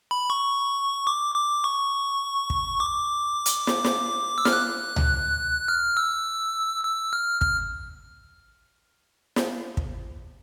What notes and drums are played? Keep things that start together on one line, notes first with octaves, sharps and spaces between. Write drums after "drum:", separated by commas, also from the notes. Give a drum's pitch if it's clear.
B5
C#6
D6
D6
C#6
drum: kick
D6
drum: hi-hat
drum: snare
drum: snare
E6
F6, drum: snare
F#6
drum: tom C#2
F6
E6
E6
F6
F6, drum: kick
drum: snare
drum: kick